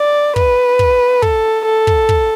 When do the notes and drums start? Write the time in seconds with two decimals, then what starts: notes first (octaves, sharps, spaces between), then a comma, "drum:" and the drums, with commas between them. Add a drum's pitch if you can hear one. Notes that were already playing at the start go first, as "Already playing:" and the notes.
Already playing: D5
0.36 B4, drum: kick
0.79 drum: kick
1.22 A4, drum: kick
1.66 A4
1.87 drum: kick
2.09 drum: kick